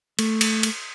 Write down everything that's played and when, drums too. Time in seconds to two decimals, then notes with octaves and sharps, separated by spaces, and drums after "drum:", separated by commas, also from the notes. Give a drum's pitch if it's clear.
0.19 A3, drum: cymbal
0.41 drum: cymbal
0.63 drum: cymbal